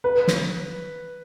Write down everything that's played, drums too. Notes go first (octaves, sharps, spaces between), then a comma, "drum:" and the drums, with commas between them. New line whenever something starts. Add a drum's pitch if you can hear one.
B4
drum: snare